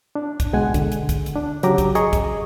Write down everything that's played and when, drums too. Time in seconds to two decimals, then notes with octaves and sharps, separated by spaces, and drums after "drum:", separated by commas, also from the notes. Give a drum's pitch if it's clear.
0.15 D4
0.40 drum: kick, hi-hat
0.53 C#2 B2 G#3 F#5 G#5
0.74 D3, drum: kick, hi-hat
0.92 drum: hi-hat
1.09 drum: kick, hi-hat
1.26 drum: hi-hat
1.36 D4
1.63 C#3 F#3 G4 A#5 D6, drum: hi-hat
1.78 drum: kick, hi-hat
1.95 G#4 D#5 A#5 C#6, drum: hi-hat
2.13 drum: kick, hi-hat